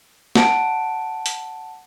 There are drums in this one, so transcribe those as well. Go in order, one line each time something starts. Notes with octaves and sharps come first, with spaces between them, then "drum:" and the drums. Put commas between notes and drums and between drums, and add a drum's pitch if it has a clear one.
F#5 A5 D7, drum: snare
drum: hi-hat